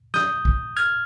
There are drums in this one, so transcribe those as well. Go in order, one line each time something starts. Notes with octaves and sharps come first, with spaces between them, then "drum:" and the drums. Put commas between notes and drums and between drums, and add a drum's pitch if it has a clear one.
D#6 G6, drum: snare
drum: kick
F6 G#6, drum: hi-hat